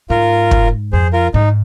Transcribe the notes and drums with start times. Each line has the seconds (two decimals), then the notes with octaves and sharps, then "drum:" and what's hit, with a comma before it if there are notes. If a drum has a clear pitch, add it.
0.10 G#2 F4 A#4
0.51 drum: kick
0.93 F2 G#4 C5
1.13 F4 A#4
1.34 G#2 D#4